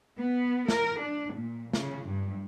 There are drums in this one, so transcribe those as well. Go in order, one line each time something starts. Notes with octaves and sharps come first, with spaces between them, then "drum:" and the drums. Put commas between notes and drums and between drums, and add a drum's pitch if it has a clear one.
B3
A#4, drum: snare
D4
A#2
C#3, drum: snare
G2